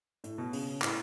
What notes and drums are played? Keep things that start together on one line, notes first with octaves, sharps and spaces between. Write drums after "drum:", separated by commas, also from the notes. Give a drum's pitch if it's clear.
A2, drum: hi-hat
B2
C#3, drum: open hi-hat
A2, drum: clap